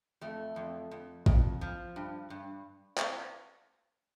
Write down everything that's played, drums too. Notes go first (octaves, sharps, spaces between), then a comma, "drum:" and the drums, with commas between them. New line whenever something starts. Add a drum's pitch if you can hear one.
F2 A3
F2
F2
F2, drum: kick A1
F3
G2
G2
drum: clap